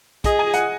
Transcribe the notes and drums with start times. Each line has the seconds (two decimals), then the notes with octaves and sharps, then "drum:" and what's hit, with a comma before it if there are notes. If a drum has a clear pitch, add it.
0.24 G#4 D#5, drum: kick, hi-hat
0.39 G#5
0.54 F#5, drum: hi-hat